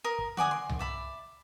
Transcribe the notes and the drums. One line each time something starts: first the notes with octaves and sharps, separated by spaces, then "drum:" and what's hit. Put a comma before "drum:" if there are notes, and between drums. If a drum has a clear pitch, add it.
A#4 D#6
drum: kick
F#4 D5 G#5 D#6, drum: tom D3
C6
drum: tom C2
D5 E5 B5